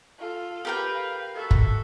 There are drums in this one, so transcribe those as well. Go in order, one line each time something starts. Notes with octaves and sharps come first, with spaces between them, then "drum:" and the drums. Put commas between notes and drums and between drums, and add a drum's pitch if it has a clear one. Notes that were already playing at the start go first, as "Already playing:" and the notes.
F4 A4
G4 A#4 B4 G5
F5
F#4 A4 E5
drum: kick F#1